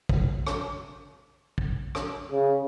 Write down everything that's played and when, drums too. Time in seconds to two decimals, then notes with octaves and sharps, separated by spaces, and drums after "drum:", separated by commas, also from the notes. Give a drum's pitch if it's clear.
0.09 drum: kick
0.47 drum: rim click
1.58 drum: kick
1.95 drum: rim click
2.32 C#3